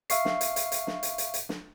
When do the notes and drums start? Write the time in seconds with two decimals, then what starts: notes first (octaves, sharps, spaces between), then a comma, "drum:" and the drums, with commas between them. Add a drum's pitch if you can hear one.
0.10 E5 F5 C#6 C7, drum: hi-hat
0.25 drum: snare
0.41 drum: hi-hat
0.56 drum: hi-hat
0.72 drum: hi-hat
0.87 drum: snare
1.03 drum: hi-hat
1.18 drum: hi-hat
1.34 drum: hi-hat
1.49 drum: snare